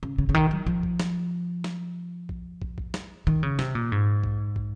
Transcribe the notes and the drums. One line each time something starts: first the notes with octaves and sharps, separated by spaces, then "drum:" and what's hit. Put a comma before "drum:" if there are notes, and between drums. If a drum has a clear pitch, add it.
C#3
C#3
C#3
D#3, drum: kick
F#3
F3, drum: kick
drum: kick
drum: snare
drum: snare
drum: kick
drum: kick
drum: kick
drum: snare
D#3
C#3
C3, drum: snare
A#2
G#2
drum: kick
drum: kick